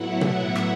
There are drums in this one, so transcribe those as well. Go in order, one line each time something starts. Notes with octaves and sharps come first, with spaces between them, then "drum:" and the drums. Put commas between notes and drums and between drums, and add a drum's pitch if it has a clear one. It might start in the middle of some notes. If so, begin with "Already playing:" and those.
Already playing: A2 F#3 B3 E4 F#5
E5, drum: tom B2
drum: rim click